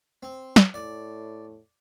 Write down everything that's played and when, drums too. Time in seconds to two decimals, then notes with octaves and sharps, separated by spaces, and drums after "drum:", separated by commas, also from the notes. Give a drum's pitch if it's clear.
0.23 C4
0.56 drum: snare
0.74 A2 D5